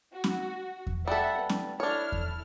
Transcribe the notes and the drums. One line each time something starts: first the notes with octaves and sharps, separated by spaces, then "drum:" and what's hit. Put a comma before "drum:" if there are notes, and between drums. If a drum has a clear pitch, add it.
F#4
drum: snare C#4
drum: kick E2
G3 A4 E5 F#5
B3
drum: snare C#4
D4 E4 A4 C#5 F6
drum: kick E2